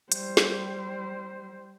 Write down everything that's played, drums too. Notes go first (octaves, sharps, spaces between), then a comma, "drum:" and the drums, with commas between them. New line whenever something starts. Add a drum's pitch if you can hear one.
G3 C5, drum: hi-hat
drum: snare